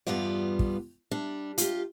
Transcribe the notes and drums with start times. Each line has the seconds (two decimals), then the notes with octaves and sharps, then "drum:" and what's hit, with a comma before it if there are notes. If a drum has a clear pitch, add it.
0.07 E2 G2 G3 B3 F4 D5
0.59 drum: kick
1.11 G3 D4
1.58 F4 G4, drum: hi-hat